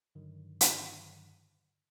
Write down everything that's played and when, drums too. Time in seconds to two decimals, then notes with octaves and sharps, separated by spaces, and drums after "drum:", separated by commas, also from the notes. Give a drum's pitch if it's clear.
0.15 G2 D3 D#3 F#3
0.61 drum: hi-hat